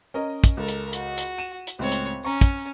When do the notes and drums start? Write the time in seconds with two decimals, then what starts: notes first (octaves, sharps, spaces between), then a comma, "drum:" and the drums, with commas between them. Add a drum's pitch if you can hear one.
0.14 C#4 A#4 D#5
0.44 drum: kick, hi-hat
0.57 C#2 A4 A#4
0.68 drum: hi-hat
0.93 F#4, drum: hi-hat
1.18 drum: hi-hat
1.38 D#7 E7
1.67 drum: hi-hat
1.79 C#2 A2 C4 C#5
1.92 drum: hi-hat
2.24 C#4 A#5 C#6
2.41 drum: kick, hi-hat